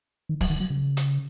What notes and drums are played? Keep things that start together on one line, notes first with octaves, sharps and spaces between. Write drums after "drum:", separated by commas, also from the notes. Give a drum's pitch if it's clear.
D#3
F#3, drum: kick, open hi-hat
D#3
F#3
C#3
drum: hi-hat